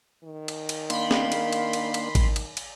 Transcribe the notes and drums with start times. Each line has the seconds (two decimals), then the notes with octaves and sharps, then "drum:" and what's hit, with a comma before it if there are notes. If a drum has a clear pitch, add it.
0.24 D#3
0.48 drum: cymbal
0.69 drum: cymbal
0.90 A#3 D4 F5 B5 C6, drum: cymbal
1.11 drum: snare
1.32 drum: cymbal
1.53 drum: cymbal
1.73 drum: cymbal
1.94 drum: cymbal
2.15 drum: kick A1, cymbal
2.36 drum: cymbal
2.57 drum: cymbal